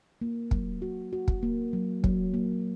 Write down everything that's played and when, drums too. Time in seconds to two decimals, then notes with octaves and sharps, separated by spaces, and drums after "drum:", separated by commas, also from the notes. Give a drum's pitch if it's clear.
0.21 A#3
0.51 F#3, drum: kick
0.82 F#4
1.13 F#4
1.28 drum: kick
1.43 A#3
1.73 F#3
2.04 F#3, drum: kick
2.34 A#3